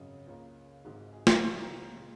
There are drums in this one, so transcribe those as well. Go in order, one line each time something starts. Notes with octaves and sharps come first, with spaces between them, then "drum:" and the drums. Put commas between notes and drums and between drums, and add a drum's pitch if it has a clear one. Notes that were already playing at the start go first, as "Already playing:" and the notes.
Already playing: G#1 F#2 C#3 F#3 D#5
C#2 C#3 A#3
G#1 G#2 D#3 G#3 F#4
G#4
F#5, drum: snare
C#2 C#3 F#3
A#5
A#5
A#2 G#3